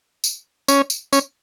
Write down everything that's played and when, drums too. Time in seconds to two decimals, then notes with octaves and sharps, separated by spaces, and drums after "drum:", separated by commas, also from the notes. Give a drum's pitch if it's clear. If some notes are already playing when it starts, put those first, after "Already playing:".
0.24 drum: tambourine
0.68 C#4, drum: tambourine
0.90 drum: tambourine
1.13 C#4, drum: tambourine